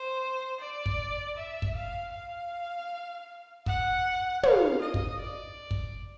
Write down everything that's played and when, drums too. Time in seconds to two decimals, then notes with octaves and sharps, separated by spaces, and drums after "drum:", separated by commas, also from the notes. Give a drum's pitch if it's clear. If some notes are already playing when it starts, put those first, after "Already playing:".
Already playing: C5
0.60 D5
0.86 drum: kick
1.37 E5
1.62 drum: kick
1.75 F5
2.13 F5
3.66 F#5, drum: kick
4.43 F5, drum: tom
4.81 D#5
4.94 drum: kick
5.20 D5
5.71 drum: kick